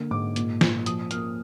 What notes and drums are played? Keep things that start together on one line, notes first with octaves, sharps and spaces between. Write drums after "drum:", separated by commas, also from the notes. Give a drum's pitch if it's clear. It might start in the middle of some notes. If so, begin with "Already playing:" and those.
Already playing: D3 A#3
G#2 D6
A#2, drum: hi-hat
A#2, drum: snare
F3 D#6, drum: hi-hat
A#3 F6, drum: hi-hat